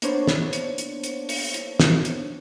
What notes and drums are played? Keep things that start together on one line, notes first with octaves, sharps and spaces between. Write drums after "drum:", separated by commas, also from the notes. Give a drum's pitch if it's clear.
A#3 B3 D4 C5 C#5, drum: hi-hat
drum: snare
drum: hi-hat
drum: hi-hat
drum: hi-hat
drum: open hi-hat
drum: hi-hat
drum: snare
drum: hi-hat